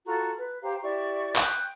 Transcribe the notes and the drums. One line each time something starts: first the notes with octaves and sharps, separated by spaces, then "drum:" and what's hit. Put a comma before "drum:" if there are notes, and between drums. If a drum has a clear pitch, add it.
F4 F#4 A4 A#5
B4
G4 C5 F5 A#5
E4 G4 D5 C#6
G5 F#6 G6, drum: clap